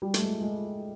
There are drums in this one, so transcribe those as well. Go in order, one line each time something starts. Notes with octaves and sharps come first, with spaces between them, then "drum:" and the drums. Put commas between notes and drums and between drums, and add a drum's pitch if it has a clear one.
G3
A3, drum: hi-hat
G#3
G#3